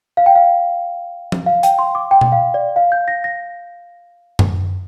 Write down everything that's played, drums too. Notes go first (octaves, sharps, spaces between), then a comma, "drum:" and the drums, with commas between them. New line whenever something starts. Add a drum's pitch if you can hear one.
F5
G5
F5
drum: tom F3
F5
G5, drum: hi-hat
C6
D6
G5
drum: tom B2
F5
D5
F5
G6
A#6
A#6
drum: tom F#2